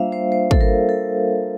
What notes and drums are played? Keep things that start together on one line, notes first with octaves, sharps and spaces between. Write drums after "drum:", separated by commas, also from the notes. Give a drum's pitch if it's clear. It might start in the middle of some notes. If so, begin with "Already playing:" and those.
Already playing: G3 A#3 D4 F4 C5 E5 F5
C5
C5
A4, drum: kick
A#4
A4